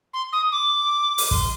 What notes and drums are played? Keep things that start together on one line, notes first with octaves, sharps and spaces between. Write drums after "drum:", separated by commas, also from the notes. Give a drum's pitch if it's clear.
C6
D#6
D6
drum: open hi-hat
C6, drum: kick